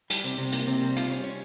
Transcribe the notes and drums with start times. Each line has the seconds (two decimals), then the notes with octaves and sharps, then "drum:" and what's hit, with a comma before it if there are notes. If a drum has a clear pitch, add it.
0.10 G3, drum: hi-hat
0.24 C3
0.38 C3
0.52 A#3, drum: hi-hat
0.67 C3
0.81 G3
0.96 F4, drum: hi-hat
1.10 C#4
1.24 C#4